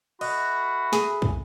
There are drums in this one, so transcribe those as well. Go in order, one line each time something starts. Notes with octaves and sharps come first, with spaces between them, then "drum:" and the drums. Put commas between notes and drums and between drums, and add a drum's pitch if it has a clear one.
F#4 A4 D#5 E5 B5, drum: cymbal
G#4, drum: snare
drum: kick